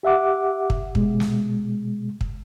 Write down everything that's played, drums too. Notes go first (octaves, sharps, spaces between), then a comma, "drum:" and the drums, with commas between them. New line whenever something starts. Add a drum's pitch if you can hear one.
G4 E5 F#5 D6
drum: kick
B2 G#3, drum: kick
drum: snare
drum: kick